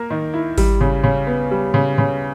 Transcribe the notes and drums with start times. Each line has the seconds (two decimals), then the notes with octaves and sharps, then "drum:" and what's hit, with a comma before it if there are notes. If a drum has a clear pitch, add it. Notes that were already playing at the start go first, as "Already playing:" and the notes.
Already playing: A#3 A#4
0.10 D#3
0.34 E4
0.58 G3, drum: kick G#1, open hi-hat
0.81 C#3
1.04 C#3
1.27 B3
1.51 G3
1.74 C#3
1.98 C#3